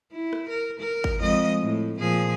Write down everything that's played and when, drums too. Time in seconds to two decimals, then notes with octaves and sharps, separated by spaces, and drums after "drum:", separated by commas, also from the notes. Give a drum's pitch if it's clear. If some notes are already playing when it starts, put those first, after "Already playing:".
0.12 E4
0.33 drum: rim click
0.50 A#4
0.80 A#4
1.04 drum: kick G#1
1.20 F2 G#3 D#5
1.60 A2
1.99 A#2 F3 G#4